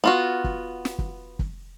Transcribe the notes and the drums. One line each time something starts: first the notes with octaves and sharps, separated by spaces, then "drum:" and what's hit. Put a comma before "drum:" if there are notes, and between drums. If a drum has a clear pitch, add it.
B3 F4 F#4
drum: kick
drum: snare
drum: kick
drum: kick